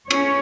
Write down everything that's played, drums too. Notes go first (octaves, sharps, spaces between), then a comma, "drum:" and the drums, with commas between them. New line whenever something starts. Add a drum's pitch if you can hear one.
C#4 C#5, drum: cymbal